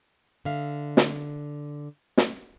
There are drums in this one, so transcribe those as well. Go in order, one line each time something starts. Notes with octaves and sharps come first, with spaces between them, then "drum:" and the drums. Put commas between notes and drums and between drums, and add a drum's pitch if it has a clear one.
D3 E5 F5
drum: snare
drum: snare